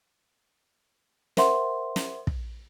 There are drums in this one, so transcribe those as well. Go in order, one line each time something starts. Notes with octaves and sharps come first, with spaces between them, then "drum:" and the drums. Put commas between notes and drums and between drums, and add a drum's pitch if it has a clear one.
A#4 C5 E5 F#5 C6, drum: snare
drum: snare
drum: kick